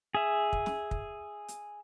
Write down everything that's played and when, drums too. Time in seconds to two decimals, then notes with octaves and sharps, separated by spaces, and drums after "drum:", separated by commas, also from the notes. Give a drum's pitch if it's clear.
0.15 G#4 E5
0.53 drum: kick
0.66 drum: snare
0.91 drum: kick
1.48 drum: hi-hat